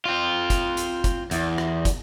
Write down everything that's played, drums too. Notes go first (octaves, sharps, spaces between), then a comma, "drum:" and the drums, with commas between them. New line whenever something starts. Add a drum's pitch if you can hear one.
C4 F4
drum: kick, hi-hat
drum: hi-hat
drum: kick, hi-hat
E2, drum: hi-hat
drum: rim click
drum: kick, hi-hat